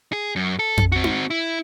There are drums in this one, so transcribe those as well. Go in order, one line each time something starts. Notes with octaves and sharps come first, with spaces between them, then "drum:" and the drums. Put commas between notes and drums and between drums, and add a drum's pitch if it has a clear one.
G#4
F#2
A4
drum: tom F2
C4 F#4
drum: tom D#4
E4